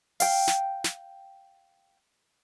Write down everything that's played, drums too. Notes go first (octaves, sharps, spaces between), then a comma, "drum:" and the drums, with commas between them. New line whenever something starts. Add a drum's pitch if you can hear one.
F5 G5, drum: open hi-hat
drum: snare
drum: snare